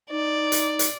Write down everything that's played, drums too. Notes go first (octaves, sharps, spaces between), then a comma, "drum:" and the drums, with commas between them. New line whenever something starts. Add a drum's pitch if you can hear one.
D#4 D5
drum: hi-hat
drum: hi-hat